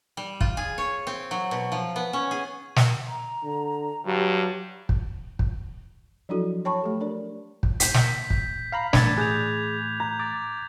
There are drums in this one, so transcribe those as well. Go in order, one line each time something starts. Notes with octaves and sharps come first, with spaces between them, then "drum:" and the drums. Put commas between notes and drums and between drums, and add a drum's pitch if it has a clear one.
G3
F4, drum: kick
G#4
C#5
C4
F#3
B2
F3
B3
C#4
G#4
drum: snare
A#5
D3
G2 F#3 G4
drum: kick
drum: kick
F3 F#3 D4 E4 F#4 A4
C#5 G5 A5 B5 C#6
A3 G4 A4
D4 A#4 D5
drum: kick
A#2 G6 B6, drum: hi-hat
drum: snare
drum: kick
F5 A#5 B5
A2 E3 D4 B5 D6 G#6 A6, drum: snare
G#4 F#6 G6 F7
A#5 G6
D6 A6